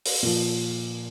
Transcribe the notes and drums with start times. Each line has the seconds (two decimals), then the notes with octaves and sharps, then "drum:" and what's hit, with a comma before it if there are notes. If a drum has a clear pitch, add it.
0.06 drum: open hi-hat
0.23 A#2 F3